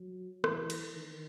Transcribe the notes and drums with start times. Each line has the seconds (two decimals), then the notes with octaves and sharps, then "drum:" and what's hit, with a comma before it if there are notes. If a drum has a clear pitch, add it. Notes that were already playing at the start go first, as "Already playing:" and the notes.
Already playing: F#3
0.44 E3, drum: rim click
0.70 drum: cymbal
0.96 D#3